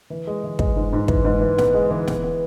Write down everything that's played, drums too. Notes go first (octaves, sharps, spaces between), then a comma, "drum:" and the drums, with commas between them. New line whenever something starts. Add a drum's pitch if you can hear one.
E3
G#3
E3
G#3, drum: kick
G#2
G#2
E3, drum: kick
G#2
E3
B3, drum: snare
G#3
E3
B3, drum: snare
B3